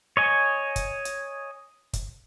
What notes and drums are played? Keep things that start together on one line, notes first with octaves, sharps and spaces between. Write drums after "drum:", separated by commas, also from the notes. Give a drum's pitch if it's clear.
C#5 D#5 G#5
drum: kick, hi-hat
drum: hi-hat
drum: kick, hi-hat